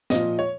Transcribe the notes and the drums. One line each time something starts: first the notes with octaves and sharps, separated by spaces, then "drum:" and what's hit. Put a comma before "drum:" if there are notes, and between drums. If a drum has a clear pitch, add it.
A#2 F3 D#5, drum: snare
C#5